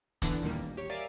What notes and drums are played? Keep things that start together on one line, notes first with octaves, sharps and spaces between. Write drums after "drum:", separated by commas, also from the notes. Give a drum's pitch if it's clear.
D3 E3 B3 D4, drum: kick E1, hi-hat
D#2 A#2 D#3 G3 A#3
A1
G4 C#5
A#4 D5 E5 F5 G#5